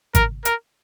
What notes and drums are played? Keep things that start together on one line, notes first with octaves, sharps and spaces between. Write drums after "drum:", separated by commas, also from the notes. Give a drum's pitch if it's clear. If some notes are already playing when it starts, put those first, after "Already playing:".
A#4, drum: kick G#1, hi-hat
A#4, drum: hi-hat